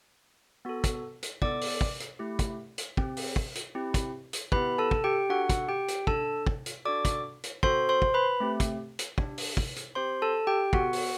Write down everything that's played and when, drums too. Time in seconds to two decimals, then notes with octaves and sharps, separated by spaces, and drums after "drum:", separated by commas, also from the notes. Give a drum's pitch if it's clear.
0.65 B3 F#4 A4
0.84 drum: kick, hi-hat
1.23 drum: hi-hat
1.42 B3 E4 A4 D5 D6, drum: kick
1.61 drum: open hi-hat
1.81 drum: kick
2.00 drum: hi-hat
2.19 A3 E4 G4
2.39 drum: kick, hi-hat
2.78 drum: hi-hat
2.97 C4 G4, drum: kick
3.17 drum: open hi-hat
3.36 drum: kick
3.55 drum: hi-hat
3.75 C4 E4 G4
3.94 drum: kick, hi-hat
4.33 drum: hi-hat
4.52 B3 E4 G4 B4 B5, drum: kick
4.78 A4 A5
4.91 drum: kick
5.04 G4 G5
5.29 D4 F#4 A4 F#5
5.49 drum: kick, hi-hat
5.68 G4 G5
5.88 drum: hi-hat
6.07 D4 A4 A5, drum: kick
6.47 drum: kick
6.66 drum: hi-hat
6.85 D4 F#4 A4 D5 D6
7.05 drum: kick, hi-hat
7.44 drum: hi-hat
7.63 C4 F#4 A4 C5 C6, drum: kick
7.89 C5 C6
8.02 drum: kick
8.14 B4 B5
8.40 A3 C4 G4
8.60 drum: kick, hi-hat
8.99 drum: hi-hat
9.18 D4 G4, drum: kick
9.38 drum: open hi-hat
9.57 drum: kick
9.76 drum: hi-hat
9.95 C4 G4 C5 C6
10.22 A4 A5
10.47 G4 G5
10.73 B3 F#4 A4 F#5, drum: kick
10.93 drum: open hi-hat